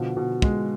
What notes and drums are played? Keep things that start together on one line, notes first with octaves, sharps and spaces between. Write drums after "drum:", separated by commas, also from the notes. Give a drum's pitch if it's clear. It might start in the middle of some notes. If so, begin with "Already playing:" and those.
Already playing: B2 D3 F3
B2
G#3, drum: kick